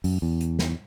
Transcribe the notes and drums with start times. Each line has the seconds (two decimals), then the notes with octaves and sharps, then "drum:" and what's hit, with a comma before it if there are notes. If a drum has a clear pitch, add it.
0.04 F#2, drum: open hi-hat
0.22 E2
0.41 drum: hi-hat
0.59 drum: snare